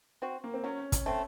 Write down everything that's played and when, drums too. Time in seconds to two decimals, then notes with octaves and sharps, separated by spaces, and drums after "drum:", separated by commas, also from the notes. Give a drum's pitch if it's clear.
0.22 C4 F#4
0.44 A#3
0.54 C4
0.64 F#3 C#4
0.92 drum: kick, hi-hat
1.06 A3 C4